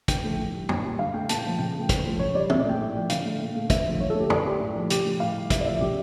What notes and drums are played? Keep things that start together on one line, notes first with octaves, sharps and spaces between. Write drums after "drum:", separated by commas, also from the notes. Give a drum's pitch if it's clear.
D3 G5, drum: kick, hi-hat
F3 A3
A2
G3
A#2, drum: tom
G3
D3 F5
A3 G5
A#2 A5, drum: hi-hat
G5
F3 A3
C#3 G5
F3 A3
A2, drum: kick, hi-hat
F3 A3
C#3 C#5
G3 D5
A#2 E5, drum: tom
D5
A3 G5
A2
F3 A3
D3 F5, drum: hi-hat
A3
A#2
A3
D3 E5, drum: kick, hi-hat
F3 A3
D3 C#5
A4
A3 G4
D3 D5, drum: tom
A3 G4
A2
F3 A3
C#3 G4, drum: hi-hat
F3 A3
A2 F5
G3
A2 E5, drum: kick, hi-hat
D5
F3 A3 E5
C#3 G4